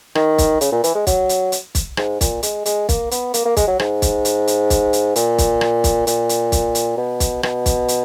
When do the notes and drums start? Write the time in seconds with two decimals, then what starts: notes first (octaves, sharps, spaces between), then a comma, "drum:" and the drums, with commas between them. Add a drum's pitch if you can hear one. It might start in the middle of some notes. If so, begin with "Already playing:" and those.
0.15 D#3, drum: rim click
0.38 drum: kick, hi-hat
0.61 C#3, drum: hi-hat
0.72 A#2
0.84 E3, drum: hi-hat
0.95 G#3
1.07 F#3, drum: kick, hi-hat
1.29 drum: hi-hat
1.52 drum: hi-hat
1.75 drum: kick, hi-hat
1.97 G#2, drum: rim click
2.21 A#2, drum: kick, hi-hat
2.43 G#3, drum: hi-hat
2.66 G#3, drum: hi-hat
2.89 A#3, drum: kick, hi-hat
3.11 B3, drum: hi-hat
3.34 A#3, drum: hi-hat
3.45 A#3
3.57 G#3, drum: kick, hi-hat
3.67 F#3
3.80 G#2, drum: rim click
4.02 drum: kick, hi-hat
4.25 drum: hi-hat
4.47 drum: hi-hat
4.70 drum: kick, hi-hat
4.93 drum: hi-hat
5.16 A#2, drum: hi-hat
5.38 drum: kick, hi-hat
5.61 drum: rim click
5.84 drum: kick, hi-hat
6.07 A#2, drum: hi-hat
6.29 drum: hi-hat
6.52 drum: kick, hi-hat
6.75 drum: hi-hat
6.98 B2
7.20 drum: kick, hi-hat
7.43 B2, drum: rim click
7.66 drum: kick, hi-hat
7.88 drum: hi-hat